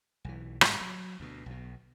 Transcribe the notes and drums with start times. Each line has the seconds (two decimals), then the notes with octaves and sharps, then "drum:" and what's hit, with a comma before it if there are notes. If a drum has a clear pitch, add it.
0.25 B1 E3
0.61 G#2 G3, drum: rim click
0.81 F#3
1.20 D2 B2
1.46 B1 B2